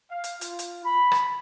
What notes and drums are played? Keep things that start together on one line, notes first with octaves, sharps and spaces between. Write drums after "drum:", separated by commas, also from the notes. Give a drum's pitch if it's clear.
F5
drum: hi-hat
F4, drum: hi-hat
drum: hi-hat
B5
drum: rim click